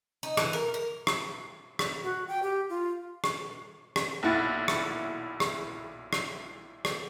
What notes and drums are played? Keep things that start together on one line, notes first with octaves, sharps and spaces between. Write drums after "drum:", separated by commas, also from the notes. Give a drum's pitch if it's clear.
D#4
E3, drum: rim click
A#4
A#4
drum: rim click
drum: rim click
F#4
G5
G4
F4
drum: rim click
drum: rim click
B1 A#2 E4 F#5 A6
drum: rim click
drum: rim click
drum: rim click
drum: rim click